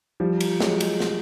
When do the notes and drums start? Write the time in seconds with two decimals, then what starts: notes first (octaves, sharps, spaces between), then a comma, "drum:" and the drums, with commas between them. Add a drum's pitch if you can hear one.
0.20 F3 G3
0.40 drum: cymbal
0.60 F#3 G#3, drum: snare
0.80 drum: cymbal
1.00 drum: snare